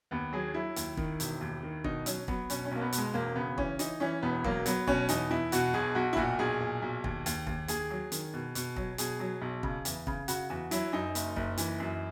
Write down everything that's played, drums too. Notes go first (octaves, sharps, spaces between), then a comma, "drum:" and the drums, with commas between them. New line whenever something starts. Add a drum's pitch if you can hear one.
D#2 B3
F#3 G#4
F#3 E4
D#2, drum: hi-hat
D#3, drum: kick
E1, drum: hi-hat
D#2
D#3
B2 D#4, drum: kick
F#3 C#4, drum: hi-hat
F#3 B3, drum: kick
B2 C#4, drum: hi-hat
C#4
B1 A#3
B3
B2, drum: hi-hat
G#3
E1 A#3
C#3 B3
E3 C#4, drum: kick
E3 D#4, drum: hi-hat
E3 C#4
E1 B3
F#3 A#3, drum: kick
F#3 B3, drum: hi-hat
B2 C#4, drum: kick
E2 D#4, drum: hi-hat
E2 E4
B2 F#4, drum: hi-hat
B1 G#4
B1 F#4
E4
A#2 F#4, drum: kick
B1 G#4
A#2
B1
D#2, drum: kick
D#2, drum: hi-hat
D#2, drum: kick
D#2 G#4, drum: hi-hat
F#3
D#3, drum: hi-hat
B2
B2, drum: hi-hat
F#3, drum: kick
B2 G#4, drum: hi-hat
F#3
B1
C#3, drum: kick
E2, drum: hi-hat
C#3, drum: kick
C#3 F#4, drum: hi-hat
E2 F#4
F#3 E4, drum: hi-hat
F#2 D#4
F#1, drum: hi-hat
F#1, drum: kick
E3, drum: hi-hat
F#2